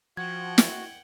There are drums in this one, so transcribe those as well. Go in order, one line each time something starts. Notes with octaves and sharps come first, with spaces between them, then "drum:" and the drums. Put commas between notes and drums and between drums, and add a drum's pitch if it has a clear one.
F3 F#4 F#5 G5 G#6
drum: snare